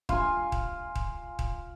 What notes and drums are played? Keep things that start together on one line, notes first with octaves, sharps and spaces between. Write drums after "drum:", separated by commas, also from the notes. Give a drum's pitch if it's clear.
F4 G#5, drum: kick D#1
drum: kick D#1
drum: kick D#1
drum: kick D#1